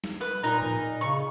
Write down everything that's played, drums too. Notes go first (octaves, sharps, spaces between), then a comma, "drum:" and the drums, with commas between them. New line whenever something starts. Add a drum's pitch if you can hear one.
drum: snare
B4
A#2 D#4 A#4
drum: tom A2
C#3 C#6